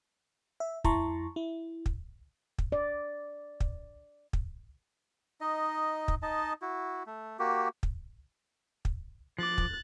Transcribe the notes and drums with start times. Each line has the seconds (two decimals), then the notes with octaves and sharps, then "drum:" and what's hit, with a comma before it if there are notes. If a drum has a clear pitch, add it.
0.60 E5
0.84 F2 E4 A5 A#5 C6 C#6, drum: kick
1.36 E4
1.86 drum: kick
2.58 drum: kick
2.72 D5
3.60 drum: kick
4.33 drum: kick
5.41 D#4 D#5
6.08 drum: kick
6.22 D#4 D#5 A5
6.62 E4 F#4
7.06 A3
7.39 A#3 F#4 G4
7.83 drum: kick
8.85 drum: kick
9.39 F3 D6 F#6 A6
9.58 drum: kick